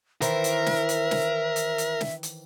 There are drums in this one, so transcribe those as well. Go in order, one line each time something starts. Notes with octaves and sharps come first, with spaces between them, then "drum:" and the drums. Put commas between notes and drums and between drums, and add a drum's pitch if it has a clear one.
D#3 E3 A#4 C5 E5, drum: hi-hat
drum: hi-hat
drum: snare
drum: hi-hat
drum: snare
drum: hi-hat
drum: hi-hat
drum: snare
drum: hi-hat